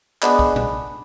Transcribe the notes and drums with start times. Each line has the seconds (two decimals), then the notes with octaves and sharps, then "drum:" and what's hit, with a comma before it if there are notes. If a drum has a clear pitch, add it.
0.22 G#3 B3 D4, drum: clap
0.39 drum: kick
0.56 drum: tom A#2